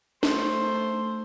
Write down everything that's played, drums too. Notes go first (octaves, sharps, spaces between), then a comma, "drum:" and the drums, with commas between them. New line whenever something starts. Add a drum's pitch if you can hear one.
A3 C5, drum: snare